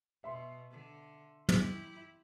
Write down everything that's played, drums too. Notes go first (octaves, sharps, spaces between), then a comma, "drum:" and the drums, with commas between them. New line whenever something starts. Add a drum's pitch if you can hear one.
B2 E5 C6
D3
E4 G4, drum: tom